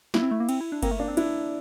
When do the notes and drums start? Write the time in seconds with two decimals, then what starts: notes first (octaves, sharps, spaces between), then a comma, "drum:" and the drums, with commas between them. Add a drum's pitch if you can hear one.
0.14 A#3 E4, drum: snare
0.22 C4
0.31 A3
0.40 A#3
0.49 C4, drum: cymbal
0.61 E4
0.72 D4
0.82 A#3 C4, drum: kick G1, cymbal
0.91 A3
1.00 A#3 D4
1.08 C4
1.17 D4 E4, drum: cymbal